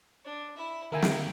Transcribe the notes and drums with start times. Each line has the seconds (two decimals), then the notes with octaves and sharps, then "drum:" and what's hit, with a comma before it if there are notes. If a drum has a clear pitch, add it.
0.25 D4
0.56 E4 E5
0.92 D3 D#3 A#3 A#4 E5 G5 G#5
1.02 drum: snare